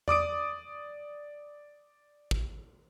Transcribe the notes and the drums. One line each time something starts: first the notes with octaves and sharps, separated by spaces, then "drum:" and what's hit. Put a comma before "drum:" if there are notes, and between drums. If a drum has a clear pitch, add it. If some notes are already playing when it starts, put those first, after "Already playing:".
D5 D6 D#6 D7, drum: tom E2
drum: kick